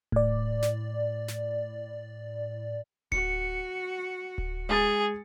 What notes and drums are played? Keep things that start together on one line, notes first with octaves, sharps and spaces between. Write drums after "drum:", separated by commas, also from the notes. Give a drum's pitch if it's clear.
A2 D5, drum: kick D1
drum: snare
drum: snare
F#4 C#7, drum: kick D1
drum: kick D1
G#3 G#4 G#5 A6